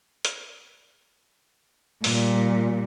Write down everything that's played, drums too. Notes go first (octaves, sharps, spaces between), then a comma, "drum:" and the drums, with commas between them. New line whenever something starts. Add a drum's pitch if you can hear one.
drum: hi-hat
A#2 G3, drum: open hi-hat